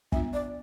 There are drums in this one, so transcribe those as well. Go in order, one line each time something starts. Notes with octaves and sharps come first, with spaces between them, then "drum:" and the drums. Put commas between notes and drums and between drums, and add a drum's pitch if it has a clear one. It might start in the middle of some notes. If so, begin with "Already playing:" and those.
B3 D4 F4 E5, drum: kick
D5